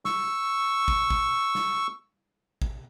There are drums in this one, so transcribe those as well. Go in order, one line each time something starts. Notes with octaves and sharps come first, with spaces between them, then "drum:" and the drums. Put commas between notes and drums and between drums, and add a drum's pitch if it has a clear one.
C#6 E6, drum: snare
drum: kick
drum: kick
drum: snare
drum: kick